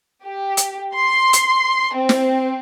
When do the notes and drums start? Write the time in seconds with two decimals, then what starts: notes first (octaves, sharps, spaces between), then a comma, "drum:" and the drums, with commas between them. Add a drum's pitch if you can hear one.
0.24 G4
0.57 drum: hi-hat
0.95 C6
1.33 drum: hi-hat
1.95 C4
2.09 drum: snare